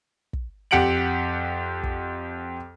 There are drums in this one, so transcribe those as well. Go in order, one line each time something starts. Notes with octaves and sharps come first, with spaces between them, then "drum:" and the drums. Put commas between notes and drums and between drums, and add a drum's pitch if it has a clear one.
drum: kick
F2 G4 F#5 C#7 D7 F#7
drum: kick